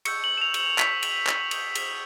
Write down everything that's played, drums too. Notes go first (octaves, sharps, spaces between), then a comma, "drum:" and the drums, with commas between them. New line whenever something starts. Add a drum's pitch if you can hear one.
C#6 E6 G6 C#7, drum: cymbal
F#7
E7
F7
drum: cymbal
C#6 E6 G6 B6, drum: clap
drum: cymbal
drum: clap
D#6 G6, drum: cymbal
drum: cymbal